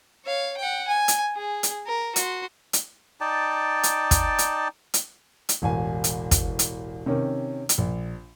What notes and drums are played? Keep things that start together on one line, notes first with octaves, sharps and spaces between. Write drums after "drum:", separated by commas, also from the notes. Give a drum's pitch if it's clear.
C#5 F5
F#5 G5
G#5
drum: hi-hat
G#4
drum: hi-hat
A#4
F#4 C6, drum: hi-hat
drum: hi-hat
D#4 D5 G5 A5
drum: hi-hat
drum: kick, hi-hat
drum: hi-hat
drum: hi-hat
drum: hi-hat
E1 A1 G#5
drum: hi-hat
drum: kick, hi-hat
drum: hi-hat
C3 D#3 C#4
drum: hi-hat
A#1